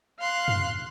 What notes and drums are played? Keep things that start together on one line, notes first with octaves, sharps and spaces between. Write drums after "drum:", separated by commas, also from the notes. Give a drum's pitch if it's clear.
F5 C6 F#6
drum: tom